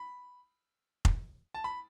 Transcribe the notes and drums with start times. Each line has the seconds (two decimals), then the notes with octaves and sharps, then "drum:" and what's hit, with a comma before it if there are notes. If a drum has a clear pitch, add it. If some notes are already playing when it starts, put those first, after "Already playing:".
Already playing: B5
1.05 drum: kick
1.54 A5
1.64 B5